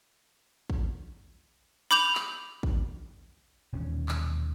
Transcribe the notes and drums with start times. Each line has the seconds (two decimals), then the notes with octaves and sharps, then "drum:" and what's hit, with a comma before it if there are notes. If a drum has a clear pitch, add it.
0.70 drum: kick A1
1.91 B5 D6 G6 F7 F#7
2.15 drum: clap
2.63 drum: kick A1
3.73 E1 D#2 A#2 C#4
4.08 drum: clap